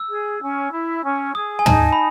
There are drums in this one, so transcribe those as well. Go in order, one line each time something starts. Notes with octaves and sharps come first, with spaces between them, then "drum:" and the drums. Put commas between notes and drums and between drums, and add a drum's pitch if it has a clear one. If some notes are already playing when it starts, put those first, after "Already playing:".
Already playing: E6
G#4
C#4
E4
C#4
G#4 D#6
G#5
D#4 A5, drum: tom
B5